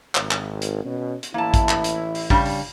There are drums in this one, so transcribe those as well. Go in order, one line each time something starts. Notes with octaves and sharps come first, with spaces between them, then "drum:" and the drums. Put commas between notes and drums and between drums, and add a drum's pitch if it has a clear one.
G#1, drum: clap
drum: clap
drum: hi-hat
B2 C#4
drum: hi-hat
A1 E3 A#3 E4 A5
drum: kick, hi-hat
drum: clap
drum: hi-hat
drum: open hi-hat
C#3 G3 D4, drum: kick
drum: open hi-hat